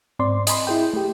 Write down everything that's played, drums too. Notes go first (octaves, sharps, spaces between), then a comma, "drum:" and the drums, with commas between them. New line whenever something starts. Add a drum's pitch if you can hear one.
G#2 C4 D5 C6
D#5 G#5 B5 C6, drum: hi-hat
E4 G#4 G5
A3 G4